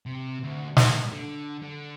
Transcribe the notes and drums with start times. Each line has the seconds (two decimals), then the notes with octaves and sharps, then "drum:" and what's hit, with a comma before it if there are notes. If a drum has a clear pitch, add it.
0.06 C3
0.43 D2
0.77 A2, drum: snare
1.12 D3
1.62 D3